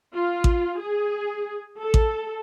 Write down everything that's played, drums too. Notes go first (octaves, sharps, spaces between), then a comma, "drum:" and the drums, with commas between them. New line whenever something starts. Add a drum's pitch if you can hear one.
F4
drum: kick A1
G#4
A4
drum: kick A1